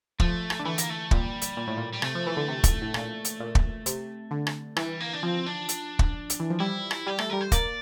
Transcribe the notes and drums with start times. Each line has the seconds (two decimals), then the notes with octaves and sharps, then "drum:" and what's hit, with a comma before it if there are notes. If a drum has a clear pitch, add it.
0.20 F3 A3, drum: kick
0.50 drum: rim click
0.59 D3
0.65 E3 A3
0.78 A#3, drum: hi-hat
0.89 A3
1.11 A#2 G3, drum: kick
1.42 drum: hi-hat
1.57 A#2
1.67 A2
1.77 A#2
1.93 G3
2.02 C3 A3, drum: rim click
2.15 F3
2.27 E3
2.37 D3
2.48 C3
2.64 drum: kick, hi-hat
2.82 A2
2.94 A#2, drum: rim click
3.25 drum: hi-hat
3.40 A#2
3.55 drum: kick
3.86 C3, drum: hi-hat
4.31 D3
4.47 drum: rim click
4.76 E3 G3, drum: rim click
5.00 A#3
5.13 D4
5.23 F3 C4
5.46 D4
5.69 drum: hi-hat
5.99 drum: kick
6.30 drum: hi-hat
6.40 E3
6.50 F3
6.60 G3 E4
6.91 drum: rim click
7.06 G3 G4
7.19 A3 A4, drum: rim click
7.30 G3 A#4
7.41 C5
7.52 A#3 D5, drum: kick, hi-hat